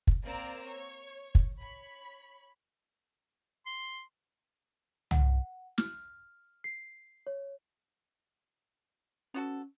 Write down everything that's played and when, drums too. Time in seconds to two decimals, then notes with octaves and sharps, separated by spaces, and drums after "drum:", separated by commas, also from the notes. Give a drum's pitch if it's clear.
0.07 drum: kick
0.23 A#3 C4 D5 A#5 E6
0.67 C#5
1.35 drum: kick
1.57 C#5 B5
3.66 C6
5.11 F#5, drum: tom
5.78 F6, drum: snare
6.64 C7
7.27 C#5
9.34 B3 C#4 F#4 A4